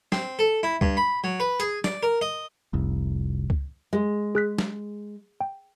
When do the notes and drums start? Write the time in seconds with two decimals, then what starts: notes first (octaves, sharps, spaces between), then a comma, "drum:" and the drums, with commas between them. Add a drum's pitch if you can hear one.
0.12 C4, drum: snare
0.39 A4
0.63 E4
0.81 G2, drum: kick C#2
0.97 B5
1.24 F#3
1.40 B4
1.60 G#4, drum: hi-hat
1.84 D5, drum: snare
2.03 A#4
2.21 D#5
2.73 F1 C2
3.50 drum: kick C#2
3.93 G#3
4.35 G#4 F#6 B6
4.58 drum: snare
5.41 G5